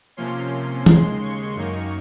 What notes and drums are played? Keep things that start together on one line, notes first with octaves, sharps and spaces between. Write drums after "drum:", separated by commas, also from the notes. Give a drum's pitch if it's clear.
C3 F3 A#3 C#4 C6
D#2 C#3 G#3 C6, drum: tom
C#6
F#2 D#3 A#3 D#4